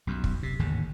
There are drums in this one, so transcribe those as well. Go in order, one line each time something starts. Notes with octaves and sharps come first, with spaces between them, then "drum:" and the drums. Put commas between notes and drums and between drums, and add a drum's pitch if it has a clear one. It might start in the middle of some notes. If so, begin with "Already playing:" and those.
B1 F#2
drum: kick
C3
A1 D#2 G#2 D3